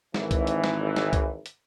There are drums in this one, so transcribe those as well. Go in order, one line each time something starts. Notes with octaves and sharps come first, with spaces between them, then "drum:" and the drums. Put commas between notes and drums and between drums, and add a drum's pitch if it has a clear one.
G#1 E3, drum: snare
drum: kick C2, hi-hat
drum: hi-hat
drum: snare
drum: snare
drum: kick C2, hi-hat
drum: hi-hat